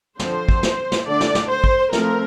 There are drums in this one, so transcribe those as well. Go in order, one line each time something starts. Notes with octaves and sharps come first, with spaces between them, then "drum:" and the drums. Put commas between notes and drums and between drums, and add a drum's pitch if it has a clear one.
D3 F3 C4 C5, drum: snare
drum: kick
drum: snare
drum: snare
D3 A3 D4 D5
drum: snare
drum: snare
C5
drum: kick
F3 A3 C4 A#4, drum: snare